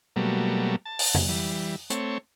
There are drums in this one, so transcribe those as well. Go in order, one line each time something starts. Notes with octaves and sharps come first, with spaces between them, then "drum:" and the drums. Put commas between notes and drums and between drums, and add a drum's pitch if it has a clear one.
B2 F#3 G3 A3 A#3
A5
drum: open hi-hat
drum: tom F2
E3 G3
A3 C4 C#5, drum: hi-hat